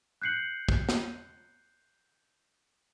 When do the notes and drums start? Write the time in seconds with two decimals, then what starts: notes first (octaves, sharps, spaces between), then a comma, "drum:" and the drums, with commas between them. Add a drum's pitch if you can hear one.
0.22 F#6 G6 C7 C#7 F#7
0.69 drum: kick
0.89 drum: snare